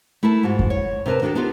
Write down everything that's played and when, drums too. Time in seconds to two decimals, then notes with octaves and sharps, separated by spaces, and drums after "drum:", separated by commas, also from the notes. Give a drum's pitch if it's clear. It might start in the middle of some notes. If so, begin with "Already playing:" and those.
0.23 A3 E4 A#4 A5
0.43 G#2 F4 F#4
0.59 drum: kick F2
0.70 C#5
1.06 C3 E4 A#4 B4 A5
1.22 D#3 D4 F#4 G#4 A4
1.35 B3 D4 D#4 F4 G4